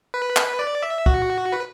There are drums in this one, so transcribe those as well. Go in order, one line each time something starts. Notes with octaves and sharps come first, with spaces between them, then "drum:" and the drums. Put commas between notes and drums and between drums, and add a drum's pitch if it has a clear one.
B4
drum: clap
D5
E5
F#4, drum: kick
B4